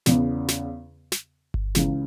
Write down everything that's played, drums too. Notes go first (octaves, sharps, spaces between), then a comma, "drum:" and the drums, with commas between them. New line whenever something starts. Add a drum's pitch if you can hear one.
E2 C#3 E3 B3, drum: snare
drum: snare
drum: snare
drum: kick G1
C#2 C#3 E3, drum: snare